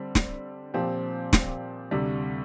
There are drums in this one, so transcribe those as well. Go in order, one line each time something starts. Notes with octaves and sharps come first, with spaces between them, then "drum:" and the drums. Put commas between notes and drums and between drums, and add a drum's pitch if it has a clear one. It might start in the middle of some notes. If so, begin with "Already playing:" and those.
Already playing: D3 G3 C4
drum: snare
A#2 F3 C4 G4
drum: snare
D2 C3 G3